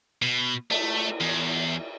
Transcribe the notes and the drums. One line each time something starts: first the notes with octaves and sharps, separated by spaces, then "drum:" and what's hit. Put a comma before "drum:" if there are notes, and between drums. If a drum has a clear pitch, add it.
B2
A3, drum: cymbal
E2